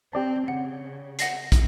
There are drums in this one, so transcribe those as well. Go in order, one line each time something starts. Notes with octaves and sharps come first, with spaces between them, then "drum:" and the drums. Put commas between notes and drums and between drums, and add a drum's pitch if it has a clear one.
C4 G4 D5 A5
C#3 F#5
F#5 A#6 C7, drum: hi-hat
drum: kick, hi-hat